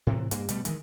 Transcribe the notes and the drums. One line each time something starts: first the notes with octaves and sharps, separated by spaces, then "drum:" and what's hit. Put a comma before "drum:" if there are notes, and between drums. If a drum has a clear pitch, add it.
A2 C3 E3
G2 A#3, drum: hi-hat
B2 G3 A3, drum: hi-hat
D#3 E3 G#3, drum: hi-hat